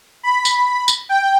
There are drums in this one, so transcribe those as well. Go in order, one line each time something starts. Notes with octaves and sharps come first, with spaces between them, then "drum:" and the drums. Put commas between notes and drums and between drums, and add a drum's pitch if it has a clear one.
B5
drum: tambourine
drum: tambourine
G5